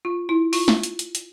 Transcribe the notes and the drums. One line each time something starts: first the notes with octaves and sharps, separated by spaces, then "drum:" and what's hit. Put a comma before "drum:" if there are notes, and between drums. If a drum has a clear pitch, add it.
F4
E4
F4, drum: open hi-hat
drum: snare
drum: hi-hat
drum: hi-hat
drum: hi-hat